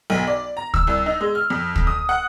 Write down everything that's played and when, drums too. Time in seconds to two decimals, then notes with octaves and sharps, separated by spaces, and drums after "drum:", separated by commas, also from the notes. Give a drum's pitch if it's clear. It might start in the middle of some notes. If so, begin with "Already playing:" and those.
0.10 B1
0.27 D5
0.57 A#5
0.74 E6, drum: kick
0.87 C2
1.06 D#4
1.21 G#3
1.35 F6
1.50 F2
1.76 drum: kick
1.87 D#6
2.09 F#5